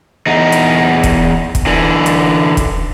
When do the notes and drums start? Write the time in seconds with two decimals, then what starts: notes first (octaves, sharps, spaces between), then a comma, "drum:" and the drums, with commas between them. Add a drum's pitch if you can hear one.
0.27 E2 D#4
0.52 drum: hi-hat
1.03 drum: kick, hi-hat
1.55 drum: kick, hi-hat
1.67 D3 E3
2.06 drum: hi-hat
2.57 drum: kick, hi-hat